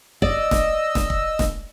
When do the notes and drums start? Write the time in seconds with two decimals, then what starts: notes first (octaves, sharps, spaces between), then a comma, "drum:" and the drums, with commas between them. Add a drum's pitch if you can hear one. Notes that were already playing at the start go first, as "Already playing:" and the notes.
0.22 D5 D#5 E6, drum: kick
0.51 drum: snare E1
0.95 drum: snare E1
1.10 drum: kick
1.39 drum: snare E1